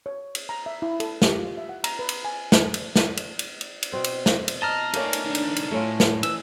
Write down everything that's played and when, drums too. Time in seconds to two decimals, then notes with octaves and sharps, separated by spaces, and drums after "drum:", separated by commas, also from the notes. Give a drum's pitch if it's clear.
0.06 C#5
0.35 drum: cymbal
0.49 A#5
0.66 E5
0.82 E4
1.00 A4, drum: cymbal
1.22 G4, drum: snare
1.39 F4
1.57 E5
1.69 F#5
1.84 A#5, drum: cymbal
1.99 B4
2.09 drum: cymbal
2.25 G#5
2.52 drum: snare
2.74 drum: cymbal
2.96 drum: snare
3.17 drum: cymbal
3.39 drum: cymbal
3.61 drum: cymbal
3.82 drum: cymbal
3.92 B2 C4 C5
4.04 drum: cymbal
4.26 drum: snare
4.48 drum: cymbal
4.62 D#5 A5 A#5 F6
4.93 A3 A#3 C#4 D#4 D5, drum: cymbal
5.13 drum: cymbal
5.25 D#3 D4
5.35 drum: cymbal
5.56 drum: cymbal
5.72 A2 A3 C#4 F4
6.00 drum: snare
6.23 E3 E6, drum: cymbal